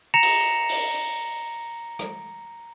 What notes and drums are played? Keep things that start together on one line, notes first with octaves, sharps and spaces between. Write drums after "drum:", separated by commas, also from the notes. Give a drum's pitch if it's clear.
A#5 A#6 C#7 E7 F7
drum: cymbal
drum: open hi-hat
drum: rim click